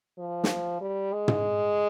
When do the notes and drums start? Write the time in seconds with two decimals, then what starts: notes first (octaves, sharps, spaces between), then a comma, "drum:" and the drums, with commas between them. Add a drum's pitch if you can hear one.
0.19 F3
0.44 drum: snare
0.81 G3
1.13 G#3
1.28 drum: tom